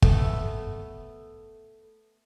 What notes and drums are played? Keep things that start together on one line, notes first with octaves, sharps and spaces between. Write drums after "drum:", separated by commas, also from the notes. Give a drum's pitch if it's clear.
A3 B3, drum: kick